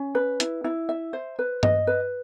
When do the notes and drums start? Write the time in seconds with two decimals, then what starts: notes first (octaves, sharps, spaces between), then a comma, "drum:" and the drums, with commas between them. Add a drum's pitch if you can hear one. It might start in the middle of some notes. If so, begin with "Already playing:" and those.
Already playing: C#4
0.15 B4
0.40 E4, drum: hi-hat
0.64 E4
0.89 E5
1.13 C5
1.39 B4
1.63 D#5, drum: tom G2
1.87 B4